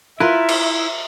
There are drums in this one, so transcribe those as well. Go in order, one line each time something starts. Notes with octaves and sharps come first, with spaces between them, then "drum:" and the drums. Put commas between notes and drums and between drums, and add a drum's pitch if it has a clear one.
E4 F4 A#4 B4 E5
drum: cymbal